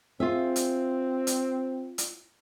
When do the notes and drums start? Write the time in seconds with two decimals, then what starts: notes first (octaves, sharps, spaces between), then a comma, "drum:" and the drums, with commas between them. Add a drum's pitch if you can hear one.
0.20 C4 F4 G#4 E5
0.56 drum: hi-hat
1.27 drum: hi-hat
1.98 drum: hi-hat